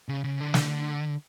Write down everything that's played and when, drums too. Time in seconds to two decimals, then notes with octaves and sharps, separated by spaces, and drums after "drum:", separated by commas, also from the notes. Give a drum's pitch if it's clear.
0.09 C#3
0.24 C#3
0.41 D3
0.54 drum: snare